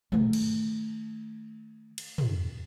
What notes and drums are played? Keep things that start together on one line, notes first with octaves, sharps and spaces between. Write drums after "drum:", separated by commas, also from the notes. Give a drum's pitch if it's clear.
D#3 A3, drum: tom
drum: cymbal
drum: cymbal
drum: tom